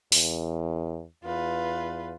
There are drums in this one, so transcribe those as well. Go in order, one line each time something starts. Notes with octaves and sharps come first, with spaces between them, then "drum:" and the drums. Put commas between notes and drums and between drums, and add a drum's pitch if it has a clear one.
E2, drum: open hi-hat
E2 F4 B4